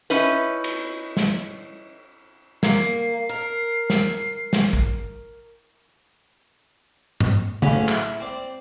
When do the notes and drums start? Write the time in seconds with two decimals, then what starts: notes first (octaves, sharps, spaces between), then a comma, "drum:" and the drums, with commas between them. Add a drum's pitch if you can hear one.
0.10 C#4 D#4 E4 B4, drum: hi-hat
0.64 drum: cymbal
1.17 drum: snare
2.63 A#3 C7, drum: snare
3.29 A#4
3.90 drum: snare
4.53 drum: snare
4.73 drum: kick
7.20 drum: tom G#2
7.62 D2 A2 C#3 F#3 C#4 B5, drum: tom
7.88 E4, drum: clap
8.20 C4 D5